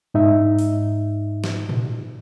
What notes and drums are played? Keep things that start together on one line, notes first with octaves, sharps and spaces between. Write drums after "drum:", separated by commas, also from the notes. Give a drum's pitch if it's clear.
G#2 D#4 E5
drum: open hi-hat
drum: snare
drum: tom A2